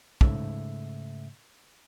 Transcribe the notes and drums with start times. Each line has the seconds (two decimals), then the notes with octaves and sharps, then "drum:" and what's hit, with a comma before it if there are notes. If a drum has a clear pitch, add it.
0.21 G#2 C#3 A3 E5, drum: kick